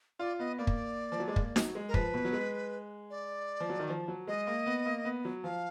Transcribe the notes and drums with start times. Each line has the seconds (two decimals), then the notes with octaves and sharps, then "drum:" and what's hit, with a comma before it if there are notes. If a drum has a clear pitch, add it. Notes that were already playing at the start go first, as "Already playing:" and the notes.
0.19 F4 D5
0.39 B3 D#5
0.58 A#3 D5
0.67 drum: kick
1.12 F3
1.20 F#3
1.28 G#3
1.36 A#3, drum: kick
1.56 F#3, drum: snare D#4
1.75 G#3
1.88 A#4
1.94 F3 B4, drum: kick
2.14 B2
2.25 F#3
2.33 G#3
3.10 D5
3.60 F3
3.69 F#3
3.79 D#3
3.89 F3
4.08 F#3
4.27 G#3 D#5
4.47 A#3
4.66 B3
4.86 A#3
5.05 B3
5.25 F#3
5.44 F3 F5